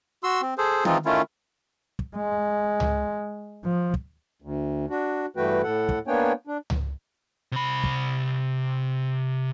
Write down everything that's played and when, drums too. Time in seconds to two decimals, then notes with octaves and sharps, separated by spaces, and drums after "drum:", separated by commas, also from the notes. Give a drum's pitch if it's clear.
0.23 F#4 C6 E6
0.42 C4
0.58 G#4 A4 C5
0.85 E3 F3 G#3 C4 D#4 F4, drum: tom D#3
1.06 D#3 A3 C#4 E4 F4
1.99 drum: kick
2.16 G#3
2.80 drum: tom C#2
3.65 F3
3.94 drum: kick
4.42 D2
4.90 D4 F#4
5.37 G2 E3 A3 F#4 B4 G5
5.63 A2 A4 F#5
5.89 drum: kick
6.07 A#3 B3 D4 C#5 G5 G#5
6.47 D4
6.70 drum: tom C#2
7.52 C3 B5
7.84 drum: kick